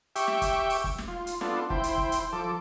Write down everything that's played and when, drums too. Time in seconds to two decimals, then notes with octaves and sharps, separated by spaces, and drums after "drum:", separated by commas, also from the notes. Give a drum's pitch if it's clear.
0.16 G4 E5 G5 C#6, drum: hi-hat
0.27 drum: snare
0.42 drum: kick, hi-hat
0.70 drum: open hi-hat
0.84 drum: kick
0.98 drum: snare
1.08 F4
1.27 drum: hi-hat
1.41 B3 D4 F4 A4, drum: snare
1.70 E4 C5 G5, drum: kick
1.83 drum: hi-hat
1.98 drum: kick
2.12 drum: hi-hat
2.33 F3 A4 D6